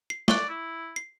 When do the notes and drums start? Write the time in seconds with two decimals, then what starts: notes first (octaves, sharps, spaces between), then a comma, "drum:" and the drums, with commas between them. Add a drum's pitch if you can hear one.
0.10 C7
0.28 D5 C#6 D6 F#6, drum: snare
0.49 E4
0.96 C7